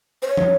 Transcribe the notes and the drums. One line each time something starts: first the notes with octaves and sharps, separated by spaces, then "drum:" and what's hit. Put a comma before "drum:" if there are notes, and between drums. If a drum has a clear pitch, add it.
C5
C#5
drum: tom